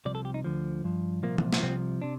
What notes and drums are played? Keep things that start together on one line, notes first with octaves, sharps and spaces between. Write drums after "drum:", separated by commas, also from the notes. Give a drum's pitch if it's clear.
C2 C3 F3 D5
A4
G4
D#4
D2 D3 F3
G2 F3
C2 A#2 F3 A#3
drum: tom E3
drum: snare
C2 C3 F3 C4
C3 D4